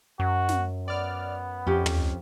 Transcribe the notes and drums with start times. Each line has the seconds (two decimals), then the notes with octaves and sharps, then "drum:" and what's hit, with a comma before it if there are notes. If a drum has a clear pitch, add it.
0.20 F#2 F#4
0.49 drum: snare
0.88 B3 D5 F6
1.67 F2 C#4 G4
1.86 drum: tom